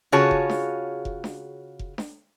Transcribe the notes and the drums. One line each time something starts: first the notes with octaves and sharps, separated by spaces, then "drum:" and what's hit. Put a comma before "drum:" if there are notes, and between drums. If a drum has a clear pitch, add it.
C#3 F4 F#4 G#4 C#5 A5
drum: kick F1
drum: snare D4
drum: kick F1
drum: snare D4
drum: kick F1
drum: snare D4